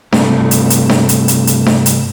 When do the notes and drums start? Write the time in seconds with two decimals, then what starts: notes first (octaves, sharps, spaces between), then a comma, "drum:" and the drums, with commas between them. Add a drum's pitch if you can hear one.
0.12 G2 C3 A3, drum: snare D4
0.51 drum: hi-hat
0.70 drum: hi-hat
0.89 drum: snare D4
1.09 drum: hi-hat
1.28 drum: hi-hat
1.47 drum: hi-hat
1.66 drum: snare D4
1.86 drum: hi-hat